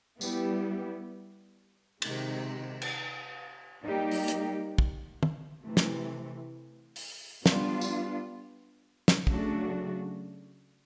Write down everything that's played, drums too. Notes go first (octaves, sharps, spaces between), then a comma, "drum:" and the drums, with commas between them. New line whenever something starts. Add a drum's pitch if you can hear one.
G3 B3 E4 G4, drum: tambourine
C3 D#3 G#3, drum: cymbal
drum: cymbal
G3 A#3 D#4 G4
drum: open hi-hat
drum: hi-hat
drum: kick
drum: tom
C3 E3 A3
drum: snare
drum: open hi-hat
G3 B3 D4 F4, drum: snare
drum: tambourine
drum: snare
C#3 F#3 A3 D4 F#4, drum: kick